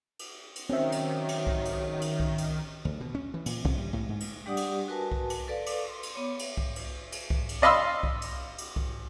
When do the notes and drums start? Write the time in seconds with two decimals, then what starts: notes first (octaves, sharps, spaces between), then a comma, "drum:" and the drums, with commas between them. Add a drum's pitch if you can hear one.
0.19 drum: cymbal
0.56 drum: cymbal
0.70 D#3 F#3 C4 C#4 E5
0.92 drum: cymbal
1.29 drum: cymbal
1.47 drum: kick C2
1.65 drum: cymbal
2.01 drum: cymbal
2.20 drum: kick C2
2.38 drum: cymbal
2.85 D2
3.01 B2
3.15 C#4
3.34 E3
3.46 A#2, drum: cymbal
3.65 C3, drum: kick C2
3.78 G3
3.93 A2
4.09 G#2
4.20 drum: cymbal
4.46 G3 D4 G4 D5 F#5 D#6
4.57 drum: cymbal
4.88 F#4 A#4 B4 G#5 A5
5.12 drum: kick C2
5.30 drum: cymbal
5.48 A4 B4 D5 F5
5.66 drum: cymbal
5.89 C6
6.03 drum: cymbal
6.14 B3 C#5 D6
6.39 drum: cymbal
6.57 drum: kick C2
6.76 drum: cymbal
7.12 drum: cymbal
7.30 drum: kick C2
7.49 drum: cymbal
7.62 D5 D#5 F5 B5 C6 E6
8.03 drum: kick C2
8.22 drum: cymbal
8.58 drum: cymbal
8.76 drum: kick C2